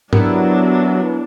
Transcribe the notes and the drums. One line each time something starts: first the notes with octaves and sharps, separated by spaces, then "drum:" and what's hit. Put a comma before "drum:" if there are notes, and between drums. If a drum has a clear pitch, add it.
F#3 B3 D4 E4 G4 A#4, drum: tom G#2